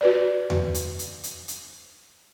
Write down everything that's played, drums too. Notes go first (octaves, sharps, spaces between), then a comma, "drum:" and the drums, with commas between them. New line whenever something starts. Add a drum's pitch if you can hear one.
F#4 B4 D5
drum: tom E2
drum: hi-hat
drum: hi-hat
drum: hi-hat
drum: hi-hat